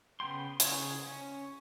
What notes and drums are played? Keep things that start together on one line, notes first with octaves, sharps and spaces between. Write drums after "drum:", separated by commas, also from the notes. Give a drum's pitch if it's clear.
C#3 B3 G5 C6
C#3 G#4 C#5, drum: hi-hat
C#4